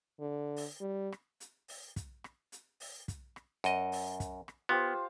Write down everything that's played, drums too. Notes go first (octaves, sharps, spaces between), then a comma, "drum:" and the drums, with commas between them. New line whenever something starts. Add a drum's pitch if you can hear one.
D3
drum: open hi-hat
G3
drum: rim click
drum: hi-hat
drum: open hi-hat
drum: kick, hi-hat
drum: rim click
drum: hi-hat
drum: open hi-hat
drum: kick, hi-hat
drum: rim click
F#2 D#5, drum: hi-hat
drum: open hi-hat
drum: kick, hi-hat
drum: rim click
B3 F4 G4 C5